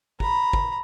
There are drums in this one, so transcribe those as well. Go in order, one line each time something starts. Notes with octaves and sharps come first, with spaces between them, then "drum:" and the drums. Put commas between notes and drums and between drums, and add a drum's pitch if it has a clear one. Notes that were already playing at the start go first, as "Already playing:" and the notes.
A#5 B5, drum: kick G1
drum: kick G1